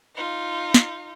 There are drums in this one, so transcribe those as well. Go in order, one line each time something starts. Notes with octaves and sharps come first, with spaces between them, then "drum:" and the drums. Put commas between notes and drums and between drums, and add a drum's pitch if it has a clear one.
D#4 F4
drum: snare